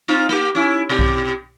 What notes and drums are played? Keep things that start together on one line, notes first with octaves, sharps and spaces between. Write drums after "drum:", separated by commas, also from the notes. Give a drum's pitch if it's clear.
C4 D#4 F4
A#3 G4
C#4 E4
B2 G4
drum: kick B1